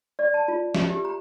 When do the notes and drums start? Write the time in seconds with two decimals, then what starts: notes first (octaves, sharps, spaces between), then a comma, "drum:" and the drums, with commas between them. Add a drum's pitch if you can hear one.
0.19 D5
0.34 A5
0.48 F4
0.75 E5, drum: snare
0.90 G4
1.05 A#5